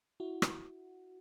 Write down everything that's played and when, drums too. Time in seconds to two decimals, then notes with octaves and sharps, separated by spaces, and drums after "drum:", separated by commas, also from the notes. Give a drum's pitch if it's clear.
0.20 E4 F#4
0.42 drum: rim click